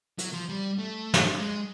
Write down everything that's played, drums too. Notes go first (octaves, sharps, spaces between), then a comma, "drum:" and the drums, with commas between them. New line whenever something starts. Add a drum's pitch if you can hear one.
F#3, drum: hi-hat
F3
G3
A3
drum: snare
G#3